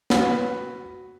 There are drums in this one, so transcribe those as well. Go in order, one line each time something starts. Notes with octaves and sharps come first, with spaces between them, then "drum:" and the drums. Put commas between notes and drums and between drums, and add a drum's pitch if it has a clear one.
F#4 B4, drum: snare